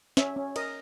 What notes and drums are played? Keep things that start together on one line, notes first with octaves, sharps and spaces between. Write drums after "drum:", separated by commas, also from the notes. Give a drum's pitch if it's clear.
C#4 E5, drum: snare
C#4
A#4 D#5, drum: cymbal